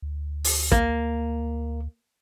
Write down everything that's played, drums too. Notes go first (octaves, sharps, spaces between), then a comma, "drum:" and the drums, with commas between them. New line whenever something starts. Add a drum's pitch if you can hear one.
D2
drum: open hi-hat
A#3, drum: kick